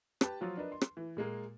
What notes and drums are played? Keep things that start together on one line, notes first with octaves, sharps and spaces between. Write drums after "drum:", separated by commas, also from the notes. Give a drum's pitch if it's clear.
G4 B4 A5, drum: rim click
F3 F#3 F4
D4 A#4 B4 D#5
C6
drum: rim click
E3
A#2 G#3 A#3